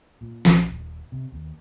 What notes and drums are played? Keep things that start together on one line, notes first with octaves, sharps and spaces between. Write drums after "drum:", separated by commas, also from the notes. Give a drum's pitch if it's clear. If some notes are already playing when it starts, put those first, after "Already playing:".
A#2
A#1, drum: snare
D#1
C3
D#2